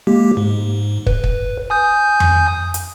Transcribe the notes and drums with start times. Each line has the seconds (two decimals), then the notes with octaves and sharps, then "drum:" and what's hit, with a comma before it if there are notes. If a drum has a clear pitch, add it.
0.07 G#3 A#3 G4
0.37 G#2
1.07 B4, drum: kick
1.24 drum: kick
1.70 G#5 D#6 G6
2.20 drum: tom F2
2.74 drum: hi-hat